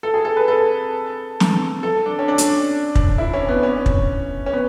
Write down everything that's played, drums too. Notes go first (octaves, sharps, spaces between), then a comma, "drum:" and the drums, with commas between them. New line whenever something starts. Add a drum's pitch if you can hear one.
A4
G#4
A4
B4
A4
drum: snare
A4
D4
C#4
D4
drum: hi-hat
drum: kick
E4
C#4
B3
C#4
drum: kick
C#4
B3